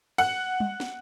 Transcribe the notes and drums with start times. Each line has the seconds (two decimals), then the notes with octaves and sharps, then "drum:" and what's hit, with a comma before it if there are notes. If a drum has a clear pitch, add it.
0.18 F#5, drum: cymbal
0.60 drum: tom G3
0.80 drum: snare